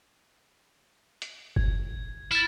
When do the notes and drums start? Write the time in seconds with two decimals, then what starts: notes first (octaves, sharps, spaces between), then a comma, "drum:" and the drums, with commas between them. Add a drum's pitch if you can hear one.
1.22 drum: hi-hat
1.56 G#6, drum: kick F#1
2.31 E4 F6 A6, drum: tambourine